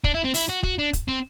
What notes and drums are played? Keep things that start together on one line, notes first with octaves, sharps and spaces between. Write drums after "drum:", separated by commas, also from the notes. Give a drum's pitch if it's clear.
D4, drum: kick
E4
C4
E4, drum: open hi-hat
F#4
F#4, drum: kick
D4
drum: kick, hi-hat
C4